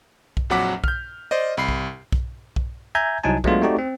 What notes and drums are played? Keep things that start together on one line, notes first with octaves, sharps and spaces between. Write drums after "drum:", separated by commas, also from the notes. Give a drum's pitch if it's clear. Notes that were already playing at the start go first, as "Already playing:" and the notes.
drum: kick B1
A#1 F2 F#3 F#5 D6 B6
F6 G6, drum: kick B1
C5 D5 D#5
C2 B5 C7
drum: kick B1
drum: kick B1
drum: kick B1
E5 G#5 A#5 G6 G#6
C2 F#3 D#4 E4 G#5 A5
F#3 G#3 A3 B3 D4 F4, drum: kick B1
A3 C4 D#4 F#4 G4 D5
C4